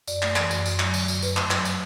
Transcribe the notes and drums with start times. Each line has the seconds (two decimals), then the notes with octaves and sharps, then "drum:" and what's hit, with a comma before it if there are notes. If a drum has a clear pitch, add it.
0.07 F#2 D5, drum: tambourine
0.22 A3, drum: clap
0.36 E3, drum: clap
0.51 F#2, drum: tambourine
0.66 F#2, drum: tambourine
0.79 F#3, drum: clap
0.94 D3, drum: tambourine
1.08 F#2, drum: tambourine
1.22 G2 B4, drum: tambourine
1.37 A3, drum: clap
1.51 F#3, drum: clap
1.65 drum: tambourine